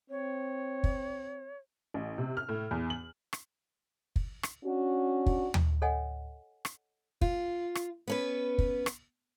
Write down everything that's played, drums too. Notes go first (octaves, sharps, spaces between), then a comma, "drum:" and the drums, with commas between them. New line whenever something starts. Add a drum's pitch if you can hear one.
C4 C#5
drum: kick
A1
C3
F6
A2
E2
F#7
drum: rim click
drum: kick
drum: rim click
C#4 D4 F#4
drum: kick
drum: tom
A4 C#5 D#5 F#5 G#5
drum: rim click
F4, drum: kick
drum: rim click
B3 C#4 B4
drum: kick
drum: rim click